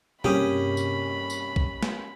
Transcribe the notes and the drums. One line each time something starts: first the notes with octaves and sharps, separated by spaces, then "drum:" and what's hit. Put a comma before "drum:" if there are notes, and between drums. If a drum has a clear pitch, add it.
G2 C3 A#3 C#4 G4 G#4 B5 D#6, drum: tom B2
drum: tambourine
drum: tambourine
drum: kick B1
drum: snare